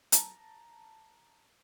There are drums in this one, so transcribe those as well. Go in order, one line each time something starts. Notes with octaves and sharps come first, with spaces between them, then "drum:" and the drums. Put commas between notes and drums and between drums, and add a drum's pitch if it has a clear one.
A5 A#5, drum: hi-hat